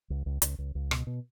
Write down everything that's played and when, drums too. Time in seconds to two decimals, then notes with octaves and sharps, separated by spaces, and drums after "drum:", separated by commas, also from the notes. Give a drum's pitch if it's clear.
0.10 C#2
0.26 C#2
0.42 C#2, drum: hi-hat
0.58 C#2
0.75 C#2
0.91 B2, drum: rim click
1.07 B2